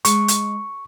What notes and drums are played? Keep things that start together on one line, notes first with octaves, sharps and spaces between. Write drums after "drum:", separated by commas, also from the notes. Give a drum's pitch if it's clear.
G#3 C#6, drum: hi-hat
drum: hi-hat